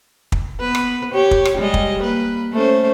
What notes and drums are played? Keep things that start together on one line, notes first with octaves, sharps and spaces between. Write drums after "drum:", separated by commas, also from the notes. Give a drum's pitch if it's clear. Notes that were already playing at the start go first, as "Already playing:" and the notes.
drum: kick
B3 B4
drum: rim click
G4 C#5
drum: kick
drum: rim click
G3 G#3 D#5
drum: kick
A#3 B4
A3 C#4 C5